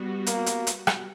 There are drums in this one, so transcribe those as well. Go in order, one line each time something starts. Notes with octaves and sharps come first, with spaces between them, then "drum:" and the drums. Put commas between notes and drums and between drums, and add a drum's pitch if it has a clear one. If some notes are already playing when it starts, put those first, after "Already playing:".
Already playing: G3 B3 F#4
A#3, drum: hi-hat
drum: hi-hat
drum: hi-hat
drum: rim click